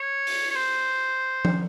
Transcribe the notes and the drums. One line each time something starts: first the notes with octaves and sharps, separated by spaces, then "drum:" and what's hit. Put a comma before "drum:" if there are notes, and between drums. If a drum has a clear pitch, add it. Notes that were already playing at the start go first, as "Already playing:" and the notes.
Already playing: C#5
drum: open hi-hat
C#5
C5
drum: tom F3